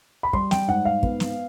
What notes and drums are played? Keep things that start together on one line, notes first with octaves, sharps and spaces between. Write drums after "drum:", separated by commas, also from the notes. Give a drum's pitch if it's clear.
B5
G3 C6, drum: kick
G5, drum: snare
G#2 F#5
F5
B3, drum: kick
drum: snare